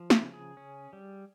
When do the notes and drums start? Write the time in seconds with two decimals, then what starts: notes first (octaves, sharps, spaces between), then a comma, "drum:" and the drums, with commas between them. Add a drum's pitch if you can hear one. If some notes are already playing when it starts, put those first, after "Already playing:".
Already playing: F3
0.10 E4, drum: snare
0.22 C#3
0.34 G#4
0.57 C#4
0.93 G3